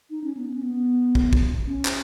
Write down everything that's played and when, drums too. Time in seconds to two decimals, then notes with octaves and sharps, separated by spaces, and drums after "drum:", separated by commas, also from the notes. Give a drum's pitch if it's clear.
0.10 D#4
0.24 C#4
0.37 B3
0.54 C#4
0.63 B3
1.15 drum: kick
1.33 drum: kick
1.67 C#4
1.85 drum: clap